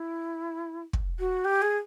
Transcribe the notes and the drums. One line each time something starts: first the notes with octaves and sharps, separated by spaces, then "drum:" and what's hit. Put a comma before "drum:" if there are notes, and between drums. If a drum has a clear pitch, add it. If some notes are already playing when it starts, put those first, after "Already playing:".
Already playing: E4
drum: kick
F#4
G4
G#4